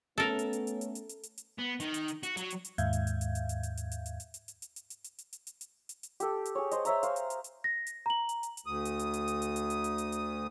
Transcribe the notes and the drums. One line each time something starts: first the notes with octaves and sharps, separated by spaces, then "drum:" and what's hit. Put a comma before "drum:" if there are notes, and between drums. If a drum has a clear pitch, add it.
A3 B3 C#4 A4 A#4
drum: hi-hat
drum: hi-hat
drum: hi-hat
drum: hi-hat
drum: hi-hat
drum: hi-hat
drum: hi-hat
drum: hi-hat
B3
D#3, drum: hi-hat
drum: hi-hat
drum: hi-hat
F#4, drum: hi-hat
F#3, drum: hi-hat
drum: hi-hat
drum: hi-hat
D#2 G#2 E5 F5 G6 G#6, drum: hi-hat
drum: hi-hat
drum: hi-hat
drum: hi-hat
drum: hi-hat
drum: hi-hat
drum: hi-hat
drum: hi-hat
drum: hi-hat
drum: hi-hat
drum: hi-hat
drum: hi-hat
drum: hi-hat
drum: hi-hat
drum: hi-hat
drum: hi-hat
drum: hi-hat
drum: hi-hat
drum: hi-hat
drum: hi-hat
drum: hi-hat
drum: hi-hat
drum: hi-hat
G4 A4, drum: hi-hat
drum: hi-hat
G#4 C#5
C5 D#5, drum: hi-hat
C#5 E5 A#5, drum: hi-hat
C5 F5, drum: hi-hat
drum: hi-hat
drum: hi-hat
drum: hi-hat
A#6
drum: hi-hat
A#5 F#7
drum: hi-hat
drum: hi-hat
drum: hi-hat
D2 D#6
drum: hi-hat
drum: hi-hat
drum: hi-hat
drum: hi-hat
drum: hi-hat
drum: hi-hat
drum: hi-hat
drum: hi-hat
drum: hi-hat
drum: hi-hat